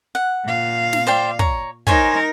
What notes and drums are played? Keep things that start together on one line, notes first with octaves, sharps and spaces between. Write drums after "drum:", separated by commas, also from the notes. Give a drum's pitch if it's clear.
F#5
A#2 F5
drum: snare
C5 D5 G5
C#5 A#5, drum: kick
D#4 A#4 C5 C#5 G#5, drum: kick